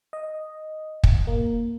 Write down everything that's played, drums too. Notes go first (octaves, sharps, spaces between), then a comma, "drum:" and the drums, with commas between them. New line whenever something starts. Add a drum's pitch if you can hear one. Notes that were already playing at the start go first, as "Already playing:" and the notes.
D#5
drum: kick
A#3